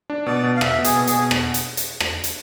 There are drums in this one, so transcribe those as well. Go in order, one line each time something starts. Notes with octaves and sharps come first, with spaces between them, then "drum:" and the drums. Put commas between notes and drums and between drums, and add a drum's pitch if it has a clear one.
D4
B2 D5
B2
F5
B2 E5, drum: rim click
B2
G#4, drum: hi-hat
B2
G#4, drum: hi-hat
B2
drum: rim click
drum: hi-hat
drum: hi-hat
drum: rim click
drum: hi-hat